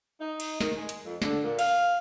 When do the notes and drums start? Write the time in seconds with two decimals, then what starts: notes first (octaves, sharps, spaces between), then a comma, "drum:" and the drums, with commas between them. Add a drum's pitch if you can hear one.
0.20 D#4
0.40 drum: cymbal
0.60 D#3, drum: snare
0.77 G#3
0.89 drum: hi-hat
1.05 F2
1.22 D3, drum: snare
1.44 A#2
1.59 F5, drum: cymbal